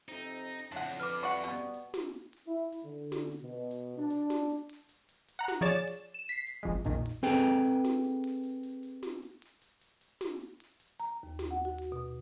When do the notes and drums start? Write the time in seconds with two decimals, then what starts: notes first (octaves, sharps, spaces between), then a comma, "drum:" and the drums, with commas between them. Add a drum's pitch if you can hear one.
0.09 F2 C3 C4 D#4
0.72 F2 A2 C#3 D4 F#5
1.00 B4 D6 F6
1.23 G3 F#5 C#6
1.35 drum: hi-hat
1.44 B2 G3 B3
1.54 drum: hi-hat
1.74 drum: hi-hat
1.94 drum: snare
2.13 drum: hi-hat
2.33 drum: open hi-hat
2.47 E4
2.72 drum: hi-hat
2.85 D3
3.12 drum: snare
3.32 drum: hi-hat
3.42 B2
3.71 drum: hi-hat
3.98 D4
4.10 drum: hi-hat
4.30 drum: snare
4.50 drum: hi-hat
4.69 drum: open hi-hat
4.89 drum: hi-hat
5.09 drum: hi-hat
5.28 drum: hi-hat
5.39 F#5 A#5
5.48 drum: snare
5.61 F3 G#4 C#5 D5 A6 E7
5.88 drum: open hi-hat
6.14 E7
6.29 B6 C7, drum: hi-hat
6.47 drum: hi-hat
6.63 G1 F2 G#3
6.85 B1 F2 A#2 D#3, drum: hi-hat
7.06 drum: open hi-hat
7.23 C4 G#4 A4 B4 G5, drum: hi-hat
7.45 drum: hi-hat
7.65 drum: hi-hat
7.84 drum: snare
8.04 drum: hi-hat
8.24 drum: open hi-hat
8.44 drum: hi-hat
8.63 drum: hi-hat
8.83 drum: hi-hat
9.03 drum: snare
9.22 drum: hi-hat
9.42 drum: open hi-hat
9.62 drum: hi-hat
9.81 drum: hi-hat
10.01 drum: hi-hat
10.21 drum: snare
10.40 drum: hi-hat
10.60 drum: open hi-hat
10.80 drum: hi-hat
11.00 A#5, drum: hi-hat
11.23 D#2
11.39 drum: snare
11.51 F#5
11.65 F#4
11.78 drum: open hi-hat
11.92 B2